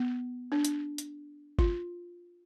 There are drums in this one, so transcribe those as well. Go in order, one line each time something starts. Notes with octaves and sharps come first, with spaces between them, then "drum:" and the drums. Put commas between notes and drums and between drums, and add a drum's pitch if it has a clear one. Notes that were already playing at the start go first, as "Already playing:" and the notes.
Already playing: B3
D4
drum: hi-hat
drum: hi-hat
F4, drum: kick G#1